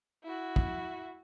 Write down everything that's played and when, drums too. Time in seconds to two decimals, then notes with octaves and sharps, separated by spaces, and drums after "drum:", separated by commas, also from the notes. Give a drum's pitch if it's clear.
0.23 E4 F#4
0.56 drum: kick